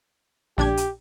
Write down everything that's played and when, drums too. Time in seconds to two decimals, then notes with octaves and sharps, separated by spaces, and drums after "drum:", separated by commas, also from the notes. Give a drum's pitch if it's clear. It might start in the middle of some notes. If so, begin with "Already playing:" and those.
0.58 A#1 D4 G4 G#6, drum: snare
0.77 drum: hi-hat